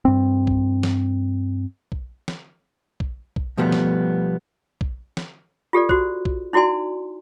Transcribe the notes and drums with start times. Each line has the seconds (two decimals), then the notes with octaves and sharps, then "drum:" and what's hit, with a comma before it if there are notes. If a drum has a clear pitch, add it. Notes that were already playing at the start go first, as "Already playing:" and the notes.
0.05 G2 C4
0.47 drum: kick B1
0.83 drum: snare
1.92 drum: kick B1
2.28 drum: snare
3.00 drum: kick B1
3.36 drum: kick B1
3.57 B2 F3 G3 A3 B3
3.72 drum: snare
4.81 drum: kick B1
5.17 drum: snare
5.73 F4 G4 A4 D5
5.89 F#4 C5, drum: kick B1
6.25 drum: kick B1
6.53 D#4 E4 F#4 D5 G#5 C6